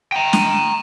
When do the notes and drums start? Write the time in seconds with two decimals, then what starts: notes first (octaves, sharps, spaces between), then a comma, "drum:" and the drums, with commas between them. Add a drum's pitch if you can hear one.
0.12 G5 A#5
0.33 drum: snare